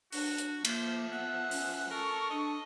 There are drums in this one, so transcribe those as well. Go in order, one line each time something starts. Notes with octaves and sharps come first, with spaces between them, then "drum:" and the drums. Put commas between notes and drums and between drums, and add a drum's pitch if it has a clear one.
D4 F#4, drum: open hi-hat
drum: hi-hat
F3 A#3 C5 E5, drum: cymbal
B3 F#5
C#4, drum: open hi-hat
A4 A#4 C#6
D4 D#5